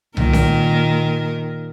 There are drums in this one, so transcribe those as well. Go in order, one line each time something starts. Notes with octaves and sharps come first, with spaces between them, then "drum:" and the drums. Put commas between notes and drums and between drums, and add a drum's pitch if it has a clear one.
A#2 D#3 A#4, drum: tom C2
drum: snare C#4